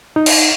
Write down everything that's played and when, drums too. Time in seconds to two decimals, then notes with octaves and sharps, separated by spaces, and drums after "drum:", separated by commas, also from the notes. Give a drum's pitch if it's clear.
0.16 D#4
0.26 drum: cymbal